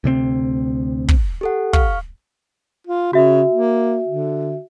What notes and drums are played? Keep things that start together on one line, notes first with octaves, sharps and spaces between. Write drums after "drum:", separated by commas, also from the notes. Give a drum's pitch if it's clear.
D2 C3 A3 C4
drum: kick
G4 A4 F#5
F5 C#6 F6, drum: kick
F4
C#3 F#4 E5
A#3
D3